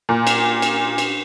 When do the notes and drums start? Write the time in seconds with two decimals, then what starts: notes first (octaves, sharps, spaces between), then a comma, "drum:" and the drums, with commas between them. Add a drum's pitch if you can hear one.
0.09 A#2
0.27 drum: cymbal
0.62 drum: cymbal
0.98 drum: cymbal